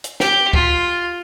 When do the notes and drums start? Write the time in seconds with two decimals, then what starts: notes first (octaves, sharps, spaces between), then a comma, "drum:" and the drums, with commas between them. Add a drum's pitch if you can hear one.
0.04 drum: hi-hat
0.20 G4, drum: snare
0.53 F4, drum: kick